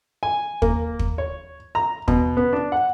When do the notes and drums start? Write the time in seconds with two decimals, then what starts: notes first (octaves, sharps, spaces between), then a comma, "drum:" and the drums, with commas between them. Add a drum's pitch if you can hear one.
0.23 G#5
0.62 A#3, drum: kick
0.99 drum: kick
1.18 C#5
1.75 A#5
2.08 B2, drum: kick
2.37 B3
2.53 D4
2.72 F#5